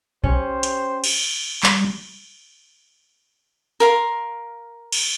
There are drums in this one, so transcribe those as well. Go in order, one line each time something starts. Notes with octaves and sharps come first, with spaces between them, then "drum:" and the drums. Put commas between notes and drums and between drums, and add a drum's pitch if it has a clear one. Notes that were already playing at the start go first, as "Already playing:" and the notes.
C#4 G4 C5, drum: kick B1
drum: hi-hat
drum: cymbal
G3, drum: clap
A#4 F5 C6
drum: cymbal